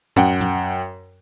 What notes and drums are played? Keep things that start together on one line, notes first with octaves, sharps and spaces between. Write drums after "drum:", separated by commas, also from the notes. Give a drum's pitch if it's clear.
F#2 F#5 G5, drum: tom
drum: tom